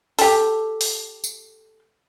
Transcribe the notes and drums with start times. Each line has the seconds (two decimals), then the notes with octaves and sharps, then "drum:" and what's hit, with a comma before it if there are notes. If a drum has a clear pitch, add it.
0.19 G4 A4, drum: open hi-hat
0.81 drum: open hi-hat
1.24 drum: tambourine